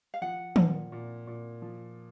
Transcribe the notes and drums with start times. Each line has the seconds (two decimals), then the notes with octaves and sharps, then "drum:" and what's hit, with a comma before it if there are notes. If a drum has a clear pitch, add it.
0.14 F5
0.21 F3 F#5
0.56 A#2, drum: tom
0.92 A#2
1.27 A#2
1.62 F3